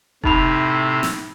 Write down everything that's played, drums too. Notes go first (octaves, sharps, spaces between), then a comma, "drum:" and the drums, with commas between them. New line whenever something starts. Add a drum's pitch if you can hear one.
A2 C3 D#4 B5 F7, drum: kick F1
drum: snare